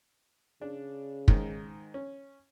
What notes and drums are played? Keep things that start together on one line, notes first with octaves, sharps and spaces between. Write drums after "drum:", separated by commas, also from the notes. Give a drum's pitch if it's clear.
C#3 D4
G#2 D#3, drum: kick
C#4